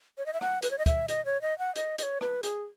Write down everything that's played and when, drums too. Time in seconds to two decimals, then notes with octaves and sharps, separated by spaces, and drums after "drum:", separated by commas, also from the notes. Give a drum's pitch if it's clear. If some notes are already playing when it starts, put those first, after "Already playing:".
0.18 C#5
0.26 D#5
0.33 E5
0.41 F#5, drum: rim click
0.62 B4, drum: hi-hat
0.71 C#5
0.78 D#5
0.86 E5, drum: kick, hi-hat
1.08 D#5, drum: hi-hat
1.25 C#5
1.42 D#5
1.59 F#5
1.76 D#5, drum: hi-hat
1.98 D#5, drum: hi-hat
2.03 C#5
2.21 B4, drum: rim click
2.43 G#4, drum: hi-hat